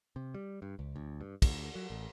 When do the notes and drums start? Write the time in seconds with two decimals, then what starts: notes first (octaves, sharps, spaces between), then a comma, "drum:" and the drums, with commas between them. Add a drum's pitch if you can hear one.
0.16 C3
0.35 G3
0.62 G2
0.79 C#2
0.96 D2
1.21 G2
1.42 D2, drum: kick, cymbal
1.75 F#3
1.90 A1